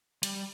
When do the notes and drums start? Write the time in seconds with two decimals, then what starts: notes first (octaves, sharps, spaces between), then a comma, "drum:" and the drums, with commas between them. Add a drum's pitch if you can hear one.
0.23 G3, drum: hi-hat